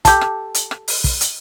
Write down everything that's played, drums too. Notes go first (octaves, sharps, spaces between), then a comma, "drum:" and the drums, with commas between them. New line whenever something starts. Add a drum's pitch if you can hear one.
G4 A4, drum: kick, hi-hat
drum: rim click
drum: hi-hat
drum: rim click
drum: open hi-hat
drum: kick, open hi-hat
drum: hi-hat